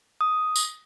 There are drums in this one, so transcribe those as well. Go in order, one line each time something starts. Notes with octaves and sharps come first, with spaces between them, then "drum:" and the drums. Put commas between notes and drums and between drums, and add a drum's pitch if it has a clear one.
D#6
drum: tambourine